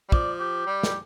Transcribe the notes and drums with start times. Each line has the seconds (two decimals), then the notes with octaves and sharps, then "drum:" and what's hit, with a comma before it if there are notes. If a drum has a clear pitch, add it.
0.09 G3
0.12 F3 D5, drum: kick
0.40 G4
0.66 G3
0.83 drum: snare